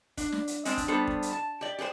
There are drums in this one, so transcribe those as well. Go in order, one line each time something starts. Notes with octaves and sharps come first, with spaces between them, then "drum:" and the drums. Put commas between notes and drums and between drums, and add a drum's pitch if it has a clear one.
D4, drum: kick, hi-hat
drum: snare
drum: hi-hat
G#3 C4 D4, drum: hi-hat
drum: kick, hi-hat
G3 B3 D4 A4 C5
drum: kick
drum: hi-hat
A5
G4 D5
G4 G#4 B4 C5